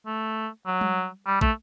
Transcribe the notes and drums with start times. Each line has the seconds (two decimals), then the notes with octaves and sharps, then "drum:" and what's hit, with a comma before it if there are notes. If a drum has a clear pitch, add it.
0.06 A3
0.66 F#3
0.81 drum: tom G3
1.27 G3
1.41 A3, drum: kick